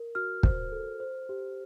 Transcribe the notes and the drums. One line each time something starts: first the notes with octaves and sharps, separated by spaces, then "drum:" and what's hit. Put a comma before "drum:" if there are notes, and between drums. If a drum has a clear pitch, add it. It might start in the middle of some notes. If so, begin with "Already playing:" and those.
Already playing: A#4
F#4 F6
C5, drum: kick
A4
C5
G4